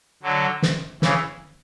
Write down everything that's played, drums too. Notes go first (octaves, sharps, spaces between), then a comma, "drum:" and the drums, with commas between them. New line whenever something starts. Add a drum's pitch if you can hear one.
D3 F#3
drum: snare
C#3 E3, drum: snare